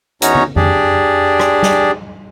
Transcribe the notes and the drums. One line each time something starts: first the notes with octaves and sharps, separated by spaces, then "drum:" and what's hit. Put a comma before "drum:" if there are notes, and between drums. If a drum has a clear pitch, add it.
E2 C#4 D#4 F#4 C#5 A#5, drum: hi-hat
drum: tom
D4 G4 G#4 D5, drum: tom F2
drum: rim click
drum: snare